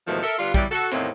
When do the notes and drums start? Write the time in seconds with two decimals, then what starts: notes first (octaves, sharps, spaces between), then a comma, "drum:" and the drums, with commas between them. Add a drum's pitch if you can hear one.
0.08 E2 G#2 B2 D#3 F3 A3
0.23 A4 A#4 E5
0.39 D3 G3 B3 F4
0.54 B2 E3 F#3 G3, drum: kick
0.71 F#4 A4
0.92 E2 A2 D#3 A#3 C4, drum: clap